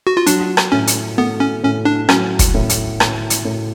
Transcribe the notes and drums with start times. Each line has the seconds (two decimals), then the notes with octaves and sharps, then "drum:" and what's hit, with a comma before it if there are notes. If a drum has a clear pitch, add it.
0.07 F#4
0.17 F4
0.27 F#3 D4, drum: hi-hat
0.57 drum: rim click
0.72 A2 C#4
0.87 drum: hi-hat
1.18 A3 B3
1.40 C#4
1.63 A2 C#4
1.85 D4
2.09 F#3 C#4, drum: rim click
2.39 drum: kick, hi-hat
2.54 A2
2.69 drum: hi-hat
3.00 A2, drum: rim click
3.30 drum: hi-hat
3.45 A2